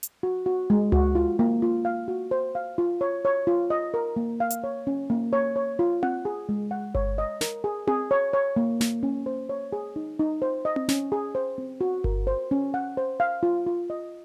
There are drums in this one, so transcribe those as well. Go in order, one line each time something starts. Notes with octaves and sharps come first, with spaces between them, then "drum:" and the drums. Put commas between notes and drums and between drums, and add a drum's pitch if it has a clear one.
drum: hi-hat
F#4
F#4
G#3
F#4, drum: tom C#2
F4
A#3
F4
F5
F#4
C5
F5
F4
C#5
C#5
F4
D#5
A#4
A#3
F5
drum: hi-hat
C#5
C#4
A#3
C#5
C#5
F4
F#5, drum: tom C4
G#4
G#3
F#5
C#5, drum: kick G1
D#5
A#4, drum: snare
G#4
G#4, drum: tom C4
C#5
C#5
A#3
A#3, drum: snare
C#4
C5
C#5
G#4
D#4
D#4
C5
D#5
drum: tom C4
C#4, drum: snare
G#4
C5
C4
F#4
A#4, drum: kick G1
C5
C#4
F#5
C5
F5
F4
F4
D#5